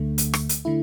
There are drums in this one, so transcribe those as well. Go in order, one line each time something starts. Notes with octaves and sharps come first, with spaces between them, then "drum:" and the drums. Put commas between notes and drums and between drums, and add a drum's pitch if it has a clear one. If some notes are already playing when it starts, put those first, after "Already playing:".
Already playing: D2 D3 A3
drum: hi-hat
drum: rim click
drum: hi-hat
D3 A3 E4